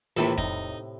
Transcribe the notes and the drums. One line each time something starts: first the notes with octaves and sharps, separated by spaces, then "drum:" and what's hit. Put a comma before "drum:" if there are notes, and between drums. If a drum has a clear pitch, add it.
A#1 A2 C3 E3 A4
D#4, drum: kick F2